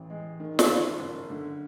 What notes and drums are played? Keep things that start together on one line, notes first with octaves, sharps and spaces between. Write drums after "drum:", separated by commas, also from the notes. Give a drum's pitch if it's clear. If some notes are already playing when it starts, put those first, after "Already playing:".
Already playing: A1 E3
G#3
D#3
drum: snare
F#1
F#1
D3